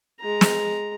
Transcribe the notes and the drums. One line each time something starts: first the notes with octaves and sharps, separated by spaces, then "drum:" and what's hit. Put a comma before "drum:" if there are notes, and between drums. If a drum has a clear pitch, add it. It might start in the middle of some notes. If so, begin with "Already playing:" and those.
G#3 A#5
drum: snare